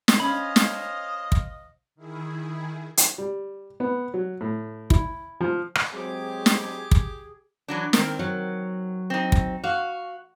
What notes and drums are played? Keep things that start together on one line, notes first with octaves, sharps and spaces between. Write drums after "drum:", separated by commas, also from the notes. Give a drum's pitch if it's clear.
drum: snare
C#4 C5 D#5 F5 B5
drum: snare
drum: kick
D#3 E4 G#4
drum: hi-hat
G3
B3
F#3
A2
E4, drum: kick
F3
drum: rim click
F#3 G#3 C4 G4 G#4 D6
drum: snare
drum: kick
E3 F#3 D4
D#3 C4 A#4, drum: snare
F#3
C4 D#4
drum: kick
F#4 F5